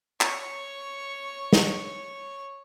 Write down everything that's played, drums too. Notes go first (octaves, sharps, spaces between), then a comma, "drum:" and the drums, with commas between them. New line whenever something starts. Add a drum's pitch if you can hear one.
C#5 C#6, drum: clap
drum: snare